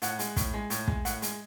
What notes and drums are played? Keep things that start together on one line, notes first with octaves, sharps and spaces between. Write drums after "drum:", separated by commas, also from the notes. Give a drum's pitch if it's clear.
A2 F#5, drum: hi-hat
G#3, drum: hi-hat
A2, drum: kick, hi-hat
G#3
A2, drum: hi-hat
G#3, drum: kick
A2 F#5, drum: hi-hat
G#3, drum: hi-hat